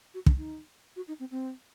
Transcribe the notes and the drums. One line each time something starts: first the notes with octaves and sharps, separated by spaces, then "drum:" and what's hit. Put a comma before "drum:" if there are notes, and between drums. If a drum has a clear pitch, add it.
F#4
D4, drum: kick
D#4
F#4
D#4
C4
C4